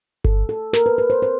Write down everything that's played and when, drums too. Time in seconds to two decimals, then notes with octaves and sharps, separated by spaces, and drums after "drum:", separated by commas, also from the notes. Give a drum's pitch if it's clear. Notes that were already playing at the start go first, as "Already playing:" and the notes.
0.24 A4, drum: kick G1
0.49 A4
0.73 A#4, drum: snare
0.86 B4
0.98 B4
1.10 C5
1.22 C5